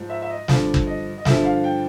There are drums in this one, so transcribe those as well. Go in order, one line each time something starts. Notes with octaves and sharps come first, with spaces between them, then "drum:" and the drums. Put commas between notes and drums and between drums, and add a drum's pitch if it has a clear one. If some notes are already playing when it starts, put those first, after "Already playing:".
Already playing: G#2 F3
E5
E5
D#5
G2 D3 F3 D5, drum: snare
drum: kick
D#5
D#5
G2 D3 F3 E5, drum: snare
F5
G5